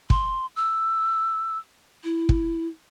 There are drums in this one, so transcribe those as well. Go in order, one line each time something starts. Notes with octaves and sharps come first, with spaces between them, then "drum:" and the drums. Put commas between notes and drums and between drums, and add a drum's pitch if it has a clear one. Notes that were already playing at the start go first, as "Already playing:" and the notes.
C6, drum: kick
E6
E4
drum: kick